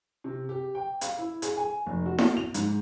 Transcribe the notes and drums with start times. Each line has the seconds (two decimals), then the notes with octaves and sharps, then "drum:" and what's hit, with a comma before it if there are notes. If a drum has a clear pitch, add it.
0.24 C3
0.49 G4
0.75 G5
1.01 F5, drum: hi-hat
1.18 E4
1.42 G#4, drum: hi-hat
1.57 G#5
1.86 F1
2.06 F#4
2.18 drum: snare E4
2.37 F7
2.54 G#2, drum: hi-hat